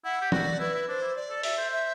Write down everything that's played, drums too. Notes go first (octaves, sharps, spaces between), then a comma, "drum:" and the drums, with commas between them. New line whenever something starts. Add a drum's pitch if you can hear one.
E4 F#5
G4
F#4 D5, drum: tom
E4 B4
E4
D4 C5
E4
D5
A4
A4 E5, drum: open hi-hat
C5
E5